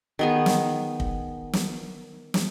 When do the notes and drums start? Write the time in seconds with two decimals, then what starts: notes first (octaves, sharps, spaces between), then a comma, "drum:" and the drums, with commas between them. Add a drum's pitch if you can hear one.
0.19 D#3 B3 G#4
0.46 drum: snare
1.00 drum: kick
1.53 drum: snare
2.34 drum: snare